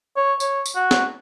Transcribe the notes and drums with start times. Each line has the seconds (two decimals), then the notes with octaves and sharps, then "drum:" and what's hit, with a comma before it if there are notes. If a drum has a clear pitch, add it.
0.17 C#5
0.40 C#5, drum: tambourine
0.66 drum: tambourine
0.76 F#4
0.91 drum: snare